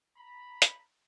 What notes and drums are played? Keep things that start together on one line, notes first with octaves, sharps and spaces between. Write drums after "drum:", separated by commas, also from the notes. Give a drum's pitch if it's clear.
A#5 B5
drum: hi-hat